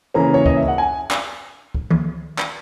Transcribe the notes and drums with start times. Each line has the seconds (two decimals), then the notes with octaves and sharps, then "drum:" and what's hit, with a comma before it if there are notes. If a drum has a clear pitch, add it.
0.14 C#3 E3 A#3 C#4 A#5
0.34 C#5
0.46 D#5, drum: kick C#2
0.56 E5
0.68 F#5
0.78 G#5
1.11 drum: clap
1.75 drum: kick C#2
1.91 drum: tom D#3
2.38 drum: clap